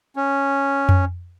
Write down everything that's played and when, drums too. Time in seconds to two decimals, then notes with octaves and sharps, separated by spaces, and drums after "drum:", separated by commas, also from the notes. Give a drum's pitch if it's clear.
0.16 C#4
0.89 drum: tom F2